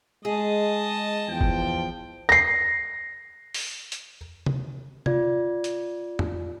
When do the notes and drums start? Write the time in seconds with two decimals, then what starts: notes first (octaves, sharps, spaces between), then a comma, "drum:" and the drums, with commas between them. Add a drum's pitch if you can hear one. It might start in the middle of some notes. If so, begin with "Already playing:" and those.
0.25 G#3 G#4 D#5 A5
1.28 E2 F3 G5
1.41 drum: kick
2.29 A#6 C7
3.54 drum: open hi-hat
3.92 drum: hi-hat
4.46 drum: tom
5.06 F4 D5 G#6, drum: tom
5.64 drum: hi-hat
6.19 drum: tom